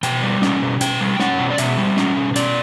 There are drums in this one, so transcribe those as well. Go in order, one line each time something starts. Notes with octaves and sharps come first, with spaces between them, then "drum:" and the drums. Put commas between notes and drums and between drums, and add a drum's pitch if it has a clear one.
B2 G5, drum: hi-hat
G3
C#4, drum: snare
B2
B2 G5, drum: hi-hat
G3
C#4 F#5, drum: snare
B2
D5
B2 E5, drum: hi-hat
G3
C#4, drum: snare
B2
B2 D5, drum: hi-hat